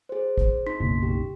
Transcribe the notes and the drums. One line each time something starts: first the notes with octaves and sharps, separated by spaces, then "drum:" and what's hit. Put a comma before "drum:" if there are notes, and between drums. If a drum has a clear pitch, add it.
G#4 C5
drum: kick G#1
D#4 C6 B6
F#1 B1
G4